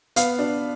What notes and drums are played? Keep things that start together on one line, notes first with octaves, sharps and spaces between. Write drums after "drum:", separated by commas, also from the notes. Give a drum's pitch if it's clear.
B3 F5, drum: hi-hat
D4